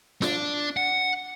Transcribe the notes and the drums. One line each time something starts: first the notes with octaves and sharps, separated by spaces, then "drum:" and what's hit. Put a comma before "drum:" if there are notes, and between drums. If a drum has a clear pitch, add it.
D4, drum: snare F4
F#5